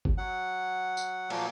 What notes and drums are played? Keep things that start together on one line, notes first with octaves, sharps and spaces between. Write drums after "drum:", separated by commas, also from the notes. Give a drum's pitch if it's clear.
drum: kick G1
F#3 F#5
drum: tambourine
A#2 F3 F#3 A#3, drum: cymbal